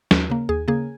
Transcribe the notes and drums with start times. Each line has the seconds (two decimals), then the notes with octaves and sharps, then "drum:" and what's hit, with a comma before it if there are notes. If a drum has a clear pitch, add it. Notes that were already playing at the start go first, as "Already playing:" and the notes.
0.11 D#2, drum: snare
0.30 C#3 A#3
0.49 D#2 G#4
0.68 C#3 A#3 G#4